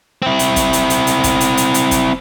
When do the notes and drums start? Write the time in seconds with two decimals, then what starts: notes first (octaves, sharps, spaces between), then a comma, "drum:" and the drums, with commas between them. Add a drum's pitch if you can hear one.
0.22 C4 E4
0.39 drum: hi-hat
0.56 drum: kick, hi-hat
0.73 drum: hi-hat
0.90 drum: hi-hat
1.07 drum: hi-hat
1.24 drum: kick, hi-hat
1.40 drum: hi-hat
1.57 drum: hi-hat
1.74 drum: hi-hat
1.91 drum: kick, hi-hat